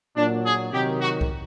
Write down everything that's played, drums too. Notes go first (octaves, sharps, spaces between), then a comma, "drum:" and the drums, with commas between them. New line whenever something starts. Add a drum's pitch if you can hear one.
A#2 F#3 D4
G#4
C3 D#3 F#3 G4
F#4
drum: kick C2